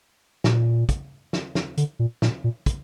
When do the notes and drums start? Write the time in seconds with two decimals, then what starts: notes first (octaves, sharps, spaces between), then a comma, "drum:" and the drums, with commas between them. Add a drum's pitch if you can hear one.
0.44 A#2, drum: snare
0.89 drum: kick, hi-hat
1.33 drum: snare
1.55 drum: snare
1.77 D3, drum: hi-hat
1.99 A#2
2.22 A#2, drum: snare
2.44 A#2
2.66 drum: kick, hi-hat